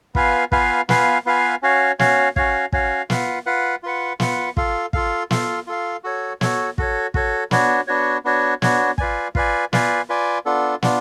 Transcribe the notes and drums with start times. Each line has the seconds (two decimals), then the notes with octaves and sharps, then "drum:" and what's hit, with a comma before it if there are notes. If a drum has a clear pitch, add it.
0.15 B3 F4 B4 F5 G#5, drum: kick
0.52 B3 F4 B4 F5 G#5, drum: kick
0.89 B3 F4 B4 F5 G#5, drum: snare
1.26 B3 F4 B4 F5 G#5
1.63 C#4 F#4 C#5 F5
1.99 C#4 F#4 C#5 F5, drum: snare
2.36 C#4 F#4 C#5 F5, drum: kick
2.73 C#4 F#4 C#5 F5, drum: kick
3.10 F4 B4 F#5, drum: snare
3.46 F4 B4 F#5
3.83 F4 B4 F#5
4.20 F4 B4 F#5, drum: snare
4.57 F4 A4 F5, drum: kick
4.93 F4 A4 F5, drum: kick
5.31 F4 A4 F5, drum: snare
5.67 F4 A4 F5
6.04 F#4 A4 C#5
6.41 F#4 A4 C#5, drum: snare
6.78 F#4 A4 C#5, drum: kick
7.14 F#4 A4 C#5, drum: kick
7.51 B3 D4 F#4 C#5, drum: snare
7.87 B3 D4 F#4 C#5
8.25 B3 D4 F#4 C#5
8.62 B3 D4 F#4 C#5, drum: snare
8.98 F4 B4 D5 G#5, drum: kick
9.35 F4 B4 D5 G#5, drum: kick
9.73 F4 B4 D5 G#5, drum: snare
10.09 F4 B4 D5 G#5
10.46 B3 D4 F4 A4
10.82 B3 D4 F4, drum: snare